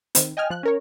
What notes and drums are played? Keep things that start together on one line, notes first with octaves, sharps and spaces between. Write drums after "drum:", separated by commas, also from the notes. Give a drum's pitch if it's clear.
D#3 C4, drum: hi-hat
D#5 G5 G#5 F6
F3 F#6
C#4 A#4 C#5